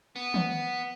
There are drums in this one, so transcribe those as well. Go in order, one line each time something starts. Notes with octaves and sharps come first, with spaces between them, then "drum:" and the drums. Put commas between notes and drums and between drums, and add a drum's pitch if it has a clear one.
B3
drum: tom D#3